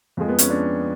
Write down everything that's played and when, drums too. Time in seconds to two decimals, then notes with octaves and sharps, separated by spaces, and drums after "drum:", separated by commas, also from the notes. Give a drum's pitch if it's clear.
0.17 F2 F3 G#3
0.28 B3
0.39 C#4, drum: hi-hat
0.50 D4